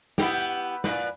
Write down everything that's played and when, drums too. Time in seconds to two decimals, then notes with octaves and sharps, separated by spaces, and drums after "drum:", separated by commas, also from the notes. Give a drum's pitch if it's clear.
0.18 B3 E4 G4, drum: snare
0.84 A#2 B4, drum: snare